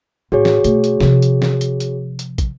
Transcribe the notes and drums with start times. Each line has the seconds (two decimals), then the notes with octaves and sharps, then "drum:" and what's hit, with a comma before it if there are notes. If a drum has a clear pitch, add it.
0.32 A2 F#4 G#4 C#5
0.45 drum: snare
0.64 B2 A3, drum: hi-hat
0.84 drum: hi-hat
1.00 C3 F3, drum: snare
1.22 drum: hi-hat
1.42 drum: snare
1.61 drum: hi-hat
1.80 drum: hi-hat
2.19 drum: hi-hat
2.38 drum: kick, hi-hat